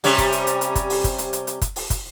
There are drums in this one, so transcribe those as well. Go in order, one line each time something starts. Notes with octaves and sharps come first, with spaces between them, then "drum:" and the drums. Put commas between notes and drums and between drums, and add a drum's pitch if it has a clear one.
C3 G3 C#4, drum: open hi-hat
drum: kick, hi-hat
drum: hi-hat
drum: hi-hat
drum: hi-hat
drum: kick, hi-hat
drum: open hi-hat
drum: kick, hi-hat
drum: hi-hat
drum: hi-hat
drum: hi-hat
drum: kick, hi-hat
drum: open hi-hat
drum: kick, hi-hat